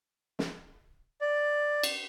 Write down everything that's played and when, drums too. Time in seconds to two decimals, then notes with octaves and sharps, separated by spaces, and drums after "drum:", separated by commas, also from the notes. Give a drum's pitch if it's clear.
0.39 drum: snare
1.21 D5
1.83 drum: cymbal